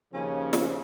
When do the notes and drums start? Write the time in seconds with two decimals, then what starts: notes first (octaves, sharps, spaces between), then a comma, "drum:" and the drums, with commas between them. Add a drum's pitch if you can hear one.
0.14 D#2 C#3 F3 C#4
0.53 drum: snare